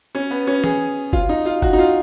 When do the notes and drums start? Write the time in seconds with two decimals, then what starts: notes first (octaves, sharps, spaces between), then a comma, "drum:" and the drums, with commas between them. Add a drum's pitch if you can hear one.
0.15 C#4
0.31 B3
0.47 C#4
0.64 G#4, drum: tom
1.13 F4, drum: kick F#1
1.29 D#4
1.46 F4
1.62 F#4, drum: kick F#1
1.73 D#4
1.78 F4